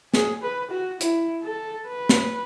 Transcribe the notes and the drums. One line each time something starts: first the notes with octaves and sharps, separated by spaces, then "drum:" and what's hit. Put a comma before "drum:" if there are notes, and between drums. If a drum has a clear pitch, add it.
G#4, drum: snare
B4
F#4
E4, drum: hi-hat
A4
B4
drum: snare